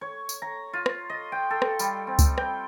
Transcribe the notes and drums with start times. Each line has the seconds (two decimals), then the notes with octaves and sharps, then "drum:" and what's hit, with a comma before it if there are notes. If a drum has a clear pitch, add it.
0.01 C#5
0.29 drum: tambourine
0.42 A#5
0.73 F4
0.86 drum: rim click
1.10 D#5
1.32 G5
1.50 A4
1.62 drum: rim click
1.79 G3, drum: tambourine
2.07 C4
2.19 drum: kick C#2, tambourine
2.38 G5, drum: rim click